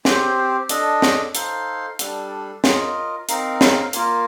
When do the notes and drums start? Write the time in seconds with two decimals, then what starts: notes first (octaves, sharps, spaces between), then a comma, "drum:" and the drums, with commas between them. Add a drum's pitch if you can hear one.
0.05 C4 G4 C5, drum: snare
0.69 D4 A4 D#5, drum: hi-hat
1.02 drum: snare
1.35 D#4 A4 C5 F5, drum: hi-hat
1.99 G3 D4 A4, drum: hi-hat
2.64 F4 A#4 D#5, drum: snare
3.29 C4 D#4 A#4 F5, drum: hi-hat
3.61 drum: snare
3.93 A#3 F4 A#4, drum: hi-hat